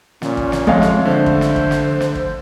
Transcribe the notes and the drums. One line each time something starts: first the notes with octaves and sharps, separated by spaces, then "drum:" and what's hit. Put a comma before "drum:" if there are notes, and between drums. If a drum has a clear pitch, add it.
A#2 C#4, drum: snare
drum: kick
drum: snare
F2 G#3 A3 F5, drum: kick
drum: snare
D3 C5
drum: kick
drum: snare
drum: kick
drum: snare
drum: snare
drum: kick